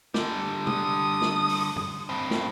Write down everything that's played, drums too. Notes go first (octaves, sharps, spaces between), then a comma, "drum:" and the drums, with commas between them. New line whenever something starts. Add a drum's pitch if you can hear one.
D3 G3, drum: snare
D#6, drum: tom
drum: snare
drum: open hi-hat
drum: tom
G2 C4
drum: snare